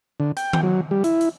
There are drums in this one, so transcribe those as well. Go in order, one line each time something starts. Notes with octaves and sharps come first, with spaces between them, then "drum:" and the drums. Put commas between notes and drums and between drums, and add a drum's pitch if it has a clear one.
D3
G5, drum: hi-hat
drum: tom D#3
F#3
G3
E4, drum: hi-hat
drum: hi-hat